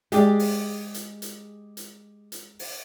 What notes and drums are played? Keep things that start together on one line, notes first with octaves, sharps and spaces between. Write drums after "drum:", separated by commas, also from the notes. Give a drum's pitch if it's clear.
G#3 G4 G#4 D5, drum: hi-hat
drum: open hi-hat
drum: hi-hat
drum: hi-hat
drum: hi-hat
drum: hi-hat
drum: open hi-hat